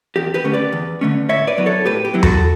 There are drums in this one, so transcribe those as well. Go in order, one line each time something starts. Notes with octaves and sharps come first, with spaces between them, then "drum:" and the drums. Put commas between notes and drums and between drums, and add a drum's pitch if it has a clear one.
E2 G4
G4 B4
D3 A3 C#4
B4 D5
E2
D3 A3 C#4
A2 C#5 E5
B4 D5
F#3 B3 E4
A4 C#5
A2 G4 B4
G4
F#3 B3 E4
F#4 A4, drum: tom E2